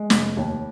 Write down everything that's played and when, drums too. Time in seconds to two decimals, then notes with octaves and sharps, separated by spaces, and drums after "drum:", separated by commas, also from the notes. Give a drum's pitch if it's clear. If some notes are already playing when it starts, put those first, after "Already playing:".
Already playing: G#3
0.10 F1, drum: snare
0.37 D#2